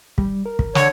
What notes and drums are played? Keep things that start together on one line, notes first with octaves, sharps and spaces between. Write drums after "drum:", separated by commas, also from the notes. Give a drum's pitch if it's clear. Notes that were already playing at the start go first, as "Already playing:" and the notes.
G3, drum: kick
A#4
drum: kick
D3 C#5, drum: snare